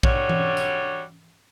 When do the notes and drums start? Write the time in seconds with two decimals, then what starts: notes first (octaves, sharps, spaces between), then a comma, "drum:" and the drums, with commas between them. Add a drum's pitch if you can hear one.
0.03 D3 G3 F#4 C#5, drum: kick
0.29 drum: tom E3
0.57 drum: tambourine